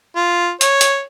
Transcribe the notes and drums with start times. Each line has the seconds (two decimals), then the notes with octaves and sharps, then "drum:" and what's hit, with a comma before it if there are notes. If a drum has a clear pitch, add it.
0.16 F4
0.61 C#5, drum: hi-hat
0.81 drum: hi-hat